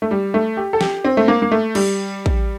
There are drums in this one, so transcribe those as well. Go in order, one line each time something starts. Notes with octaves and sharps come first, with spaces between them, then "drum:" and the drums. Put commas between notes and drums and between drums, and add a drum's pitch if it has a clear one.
A3
G3
A3
G4
A4
G4, drum: snare
C4
A3
A#3
A#3
A3
G3, drum: cymbal
drum: kick